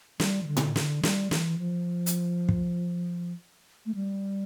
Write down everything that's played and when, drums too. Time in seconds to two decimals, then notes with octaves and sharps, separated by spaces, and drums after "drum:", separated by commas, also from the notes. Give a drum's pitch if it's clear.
0.20 G3, drum: snare
0.43 E3
0.47 D3
0.57 drum: tom A2
0.76 D3, drum: snare
1.03 G3, drum: snare
1.31 E3, drum: snare
1.58 F3
2.06 drum: hi-hat
2.49 drum: kick
3.86 A3
3.95 G3